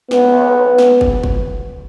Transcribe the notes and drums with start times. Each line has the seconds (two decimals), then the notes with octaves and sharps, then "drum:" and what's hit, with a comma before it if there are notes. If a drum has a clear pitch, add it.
0.11 B3, drum: snare
0.78 drum: snare
1.01 drum: kick
1.24 drum: kick